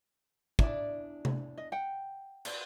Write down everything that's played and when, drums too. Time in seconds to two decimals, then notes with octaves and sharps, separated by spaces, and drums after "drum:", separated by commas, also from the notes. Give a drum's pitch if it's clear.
0.59 E2 D4 E4 D5, drum: kick
1.25 drum: tom C3
1.58 D#5
1.72 F#5 G5
2.45 B4 D5, drum: cymbal